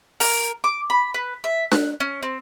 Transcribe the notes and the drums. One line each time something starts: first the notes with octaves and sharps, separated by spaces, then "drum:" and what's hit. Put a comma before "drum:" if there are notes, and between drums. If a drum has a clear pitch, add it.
A#4, drum: open hi-hat
D6
B5
B4
E5
F#6, drum: snare D4
C#4
C4